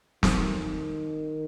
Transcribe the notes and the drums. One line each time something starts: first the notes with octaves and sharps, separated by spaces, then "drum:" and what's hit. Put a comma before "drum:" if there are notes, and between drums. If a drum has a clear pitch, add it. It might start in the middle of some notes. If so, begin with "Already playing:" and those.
D#3, drum: snare